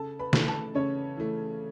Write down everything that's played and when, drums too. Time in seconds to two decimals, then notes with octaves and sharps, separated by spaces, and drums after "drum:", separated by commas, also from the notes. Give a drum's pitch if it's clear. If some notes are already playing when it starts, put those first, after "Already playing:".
Already playing: C#3 A4 A5
0.19 B4 B5
0.33 E3 A3, drum: snare
0.47 A4 A5
0.75 C#3 C#4 C#5
1.17 E3 A3